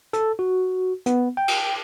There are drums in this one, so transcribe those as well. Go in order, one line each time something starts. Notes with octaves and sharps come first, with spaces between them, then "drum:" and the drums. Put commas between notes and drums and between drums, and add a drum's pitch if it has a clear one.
A4, drum: hi-hat
F#4
B3, drum: hi-hat
G5
drum: cymbal